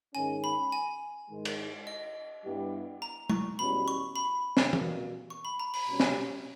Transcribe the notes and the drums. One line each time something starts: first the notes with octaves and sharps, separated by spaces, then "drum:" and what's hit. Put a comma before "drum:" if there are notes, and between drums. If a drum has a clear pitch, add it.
G#2 D#3 G#3 C#4 G#5
B5
G#5
G#2 D#3 G#3
drum: cymbal
D#5
G2 G3 B3 E4 G4
A#5
C#6, drum: tom G#3
E2 B2 G3 C#4 B5
C#6
B5
drum: snare
B2 G3 A#3, drum: tom E3
C#6
B5
A#5
B5, drum: open hi-hat
B2 G3 C#4 G4
drum: snare